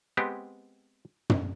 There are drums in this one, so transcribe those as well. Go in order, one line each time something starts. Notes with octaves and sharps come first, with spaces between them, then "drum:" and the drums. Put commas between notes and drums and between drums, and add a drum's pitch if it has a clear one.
G#3 B3 C4 G4
drum: tom